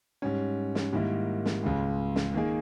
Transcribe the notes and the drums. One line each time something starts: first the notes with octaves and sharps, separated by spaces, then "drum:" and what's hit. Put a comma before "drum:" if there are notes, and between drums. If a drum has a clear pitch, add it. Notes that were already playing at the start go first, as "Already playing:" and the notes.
G#2 G3 C#4
drum: snare
G#2 D#3 G3 A#3 E4
drum: snare
C#2 C#3 G#3
drum: snare
D#3 A#3 D#4 G#4